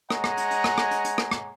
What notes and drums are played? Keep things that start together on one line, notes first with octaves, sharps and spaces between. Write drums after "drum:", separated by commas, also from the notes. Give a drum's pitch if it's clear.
G#3 C#5 D#5 F#5 G#5 A#5, drum: rim click
drum: rim click
drum: hi-hat
drum: hi-hat
drum: rim click
drum: rim click
drum: hi-hat
drum: hi-hat
drum: rim click
drum: rim click